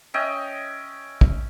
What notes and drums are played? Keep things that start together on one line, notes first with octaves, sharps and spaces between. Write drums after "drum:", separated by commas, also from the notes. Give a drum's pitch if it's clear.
C#4 D#5 E5 G5
drum: kick